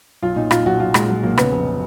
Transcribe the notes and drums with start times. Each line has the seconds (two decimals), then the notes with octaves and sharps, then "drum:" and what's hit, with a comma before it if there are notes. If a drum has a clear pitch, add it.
0.23 B1 F4
0.36 A#2 D#4
0.51 A#2 F4, drum: rim click
0.66 B1 F#4
0.79 B1 F4
0.94 A#2 G#3, drum: rim click
1.09 A#2 F#3
1.23 B1 A#3
1.38 C#3 B3, drum: rim click
1.52 F1